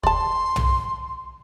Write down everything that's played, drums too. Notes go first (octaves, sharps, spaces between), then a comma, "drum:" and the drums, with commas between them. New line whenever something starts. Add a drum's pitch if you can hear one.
D5 A5 C6, drum: kick
drum: tom